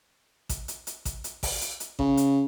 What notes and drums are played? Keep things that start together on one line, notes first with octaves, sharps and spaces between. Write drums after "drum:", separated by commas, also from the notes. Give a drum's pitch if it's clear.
drum: kick A1, hi-hat
drum: hi-hat
drum: hi-hat
drum: kick A1, hi-hat
drum: hi-hat
drum: kick A1, open hi-hat
drum: hi-hat
drum: hi-hat
C#3, drum: kick A1
drum: hi-hat